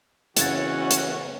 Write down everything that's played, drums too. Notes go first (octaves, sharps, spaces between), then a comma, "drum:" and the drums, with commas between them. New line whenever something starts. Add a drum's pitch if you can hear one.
C#3 E3 C#4 F#4 F#5 G#6 A6, drum: hi-hat
drum: hi-hat